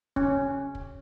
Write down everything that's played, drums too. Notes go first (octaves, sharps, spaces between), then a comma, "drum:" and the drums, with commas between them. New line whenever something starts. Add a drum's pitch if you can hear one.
C#4, drum: kick
drum: kick